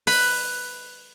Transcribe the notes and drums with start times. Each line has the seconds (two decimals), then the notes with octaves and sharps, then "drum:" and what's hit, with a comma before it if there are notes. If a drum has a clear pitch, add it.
0.07 B4 B5, drum: open hi-hat